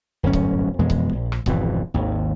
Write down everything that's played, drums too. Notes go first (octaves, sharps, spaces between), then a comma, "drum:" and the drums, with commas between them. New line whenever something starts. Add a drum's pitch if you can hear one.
D1 G1 F#2 C#4
drum: kick C#1
F2 B2 E3 G#3
drum: kick C#1
A#1
drum: rim click
G#1 F2 B2 E3, drum: kick C#1
G#1 D#2